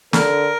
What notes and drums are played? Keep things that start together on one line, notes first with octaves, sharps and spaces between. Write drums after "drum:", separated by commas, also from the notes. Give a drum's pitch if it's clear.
D3 A#4, drum: snare